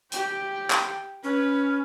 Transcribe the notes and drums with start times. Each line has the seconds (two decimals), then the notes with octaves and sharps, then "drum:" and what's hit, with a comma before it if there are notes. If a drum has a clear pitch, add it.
0.12 G4 G5, drum: hi-hat
0.70 drum: clap
1.24 C#4 B4